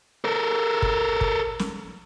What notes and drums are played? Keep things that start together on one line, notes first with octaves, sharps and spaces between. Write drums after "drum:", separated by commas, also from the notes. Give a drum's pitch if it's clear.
A4 A#4
drum: kick
drum: kick
drum: snare